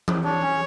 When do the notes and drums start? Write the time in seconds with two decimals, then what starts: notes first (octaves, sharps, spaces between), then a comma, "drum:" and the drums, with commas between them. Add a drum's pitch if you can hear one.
0.08 drum: tom E3
0.25 D4 C#5
0.42 C#4